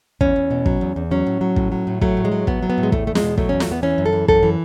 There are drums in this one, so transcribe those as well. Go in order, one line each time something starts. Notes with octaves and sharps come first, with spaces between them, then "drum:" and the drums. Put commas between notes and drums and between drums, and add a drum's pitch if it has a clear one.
E2 C#4, drum: kick
E2
B2
F#3, drum: kick
E2
E2
F#3 C#4
A2
F#3
A2, drum: kick
F#3
A2
F#3 A3, drum: kick
A2
G#3
F#3
A2 B3, drum: kick
F#3
B3
A2
G#3
E2 A3, drum: kick
E2 A3
G#3, drum: snare
B2
F#3 A3, drum: kick
E2 C#4
A3, drum: snare
E2 B3
E3 C#4
F#2
A4
E3
F#2 A4, drum: kick
E3